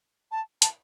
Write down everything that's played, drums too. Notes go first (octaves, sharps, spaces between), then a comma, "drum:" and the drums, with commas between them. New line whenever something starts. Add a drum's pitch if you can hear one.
A5
A5, drum: hi-hat